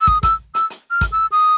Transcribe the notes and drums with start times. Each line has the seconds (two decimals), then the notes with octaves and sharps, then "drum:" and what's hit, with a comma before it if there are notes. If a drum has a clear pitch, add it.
0.01 E6
0.07 D#6, drum: kick
0.23 E6, drum: kick, hi-hat
0.55 E6, drum: hi-hat
0.70 drum: hi-hat
0.91 F6
1.01 drum: kick, hi-hat
1.12 E6
1.32 D#6